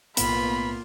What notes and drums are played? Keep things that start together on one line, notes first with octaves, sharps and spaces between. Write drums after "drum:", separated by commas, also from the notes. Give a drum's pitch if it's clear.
B1 A2 A#3 B3 F4 B5, drum: hi-hat